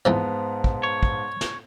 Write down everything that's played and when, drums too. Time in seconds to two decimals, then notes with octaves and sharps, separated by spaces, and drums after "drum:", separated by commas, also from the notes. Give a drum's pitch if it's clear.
0.05 F2 G#2 E3 F3 B3 C5 F5 A5
0.64 drum: kick
0.83 C#5
1.03 drum: kick
1.41 drum: snare